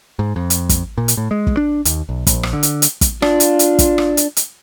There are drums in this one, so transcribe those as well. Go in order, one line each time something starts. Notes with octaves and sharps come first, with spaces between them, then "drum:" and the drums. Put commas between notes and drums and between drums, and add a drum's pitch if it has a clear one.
G#2
F2
drum: hi-hat
drum: kick, hi-hat
A#2
drum: hi-hat
A2
G#3
drum: kick
D4
D#2, drum: hi-hat
B1
A#1, drum: kick, hi-hat
drum: rim click
D3
drum: hi-hat
drum: hi-hat
drum: kick, hi-hat
D4 F4, drum: rim click
drum: hi-hat
drum: hi-hat
drum: kick, hi-hat
drum: rim click
drum: hi-hat
drum: hi-hat